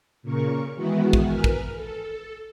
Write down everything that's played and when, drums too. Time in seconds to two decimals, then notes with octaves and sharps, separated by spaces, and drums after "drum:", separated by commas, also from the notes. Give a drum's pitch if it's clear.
0.23 A#2 C#3 A#4 C#6
0.76 D#3 E3 G#3 B3 E4 F#4
1.13 drum: kick
1.23 A#4 B4 G#5 F6
1.44 drum: kick
1.75 A4